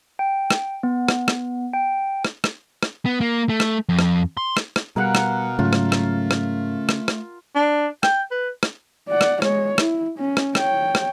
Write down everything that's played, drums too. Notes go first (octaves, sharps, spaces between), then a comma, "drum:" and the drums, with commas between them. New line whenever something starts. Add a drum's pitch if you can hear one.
G5
drum: rim click
B3
drum: rim click
drum: rim click
G5
drum: rim click
drum: rim click
drum: rim click
B3
A#3
A3
drum: rim click
F2
drum: rim click
C6
drum: rim click
drum: rim click
B2 G3 A#4 F5 F#5 F#6 C#7
drum: rim click
G#2 C#3 F#3 A3 F4
drum: rim click
drum: rim click
drum: rim click
drum: rim click
drum: rim click
D4
G5, drum: rim click
B4
drum: rim click
D5 F#5
drum: rim click
G#3 C#5, drum: rim click
E4, drum: rim click
C#4
drum: rim click
C#5 G5, drum: rim click
drum: rim click